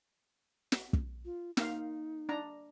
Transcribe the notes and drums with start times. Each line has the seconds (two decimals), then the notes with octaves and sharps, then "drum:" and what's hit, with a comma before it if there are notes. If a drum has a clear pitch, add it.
0.72 drum: snare
0.93 drum: kick
1.25 F4
1.57 A#3 D#4 F5, drum: snare
2.29 D4 A#5